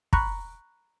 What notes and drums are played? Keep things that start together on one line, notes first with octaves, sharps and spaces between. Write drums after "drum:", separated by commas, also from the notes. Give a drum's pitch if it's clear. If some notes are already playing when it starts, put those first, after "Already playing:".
A#5 B5 C#6 F#6, drum: kick